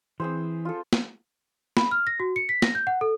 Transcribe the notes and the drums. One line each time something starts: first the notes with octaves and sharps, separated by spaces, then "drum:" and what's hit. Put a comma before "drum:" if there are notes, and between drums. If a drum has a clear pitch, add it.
E3 C4 G#4 C5
F4 A4
drum: snare
B5, drum: snare
F6
A#6
F#4
C#7
B6
A#6, drum: snare
G6
F#5
A4